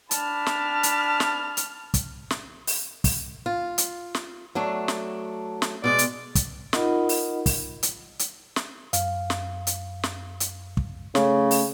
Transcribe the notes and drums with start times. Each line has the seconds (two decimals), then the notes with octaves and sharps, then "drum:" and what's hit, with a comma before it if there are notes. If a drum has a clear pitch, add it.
0.11 D4 A5 B5 F6, drum: hi-hat
0.46 drum: snare
0.83 drum: hi-hat
1.20 drum: snare
1.57 drum: hi-hat
1.94 drum: kick, hi-hat
2.30 drum: snare
2.67 drum: open hi-hat
3.04 drum: kick, open hi-hat
3.46 F4
3.78 drum: hi-hat
4.15 drum: snare
4.55 F#3 A3 D4
4.88 drum: snare
5.62 drum: snare
5.84 B2 G#3 D5
5.99 drum: hi-hat
6.35 drum: kick, hi-hat
6.73 D#4 F4 A#4 D#5 F#5 B5, drum: snare
7.09 drum: open hi-hat
7.46 drum: kick, open hi-hat
7.83 drum: hi-hat
8.19 drum: hi-hat
8.56 drum: snare
8.93 F#2 F5, drum: hi-hat
9.30 drum: snare
9.67 drum: hi-hat
10.03 drum: snare
10.40 drum: hi-hat
10.77 drum: kick
11.15 C#3 A3 C#4, drum: snare
11.51 drum: open hi-hat